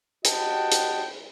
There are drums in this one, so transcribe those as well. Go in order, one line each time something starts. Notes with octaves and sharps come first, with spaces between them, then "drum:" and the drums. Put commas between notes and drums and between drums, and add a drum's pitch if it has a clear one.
F#4 G4 D#5 F#5 G5 A5, drum: hi-hat
drum: hi-hat